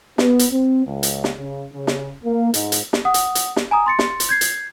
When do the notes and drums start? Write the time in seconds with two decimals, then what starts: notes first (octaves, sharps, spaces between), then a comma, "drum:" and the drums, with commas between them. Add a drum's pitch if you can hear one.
0.18 B3, drum: snare
0.39 drum: hi-hat
0.52 C4
0.86 C#2
1.03 drum: hi-hat
1.24 drum: snare
1.37 C#3
1.73 C#3
1.87 drum: snare
2.24 A#3
2.54 G#2, drum: hi-hat
2.72 drum: hi-hat
2.93 drum: snare
3.05 F#5 D#6
3.14 drum: hi-hat
3.35 drum: hi-hat
3.56 drum: snare
3.71 G#5 A#5 D#6
3.86 C6 A6 C#7
3.99 drum: snare
4.20 drum: hi-hat
4.29 G6 G#6 C7
4.41 drum: hi-hat